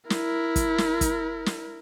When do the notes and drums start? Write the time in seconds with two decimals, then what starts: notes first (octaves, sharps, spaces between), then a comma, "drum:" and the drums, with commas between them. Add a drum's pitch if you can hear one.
0.10 E4 A#4, drum: snare
0.56 drum: kick, hi-hat
0.78 drum: snare
1.01 drum: kick, hi-hat
1.46 drum: snare